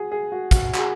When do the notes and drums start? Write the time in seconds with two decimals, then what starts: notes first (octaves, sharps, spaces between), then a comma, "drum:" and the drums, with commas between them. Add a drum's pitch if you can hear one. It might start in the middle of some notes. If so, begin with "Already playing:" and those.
Already playing: F#4 G#4
0.12 G#4
0.32 F#4
0.51 F#4, drum: kick, hi-hat
0.74 F#4, drum: clap
0.78 G#4